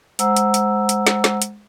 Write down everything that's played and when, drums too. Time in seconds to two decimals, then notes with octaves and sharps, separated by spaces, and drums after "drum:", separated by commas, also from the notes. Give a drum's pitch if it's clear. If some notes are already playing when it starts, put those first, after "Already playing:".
0.19 G#3 C5 F#5 A#5 E6, drum: hi-hat
0.36 drum: hi-hat
0.54 drum: hi-hat
0.89 drum: hi-hat
1.07 drum: snare
1.24 drum: snare
1.42 drum: hi-hat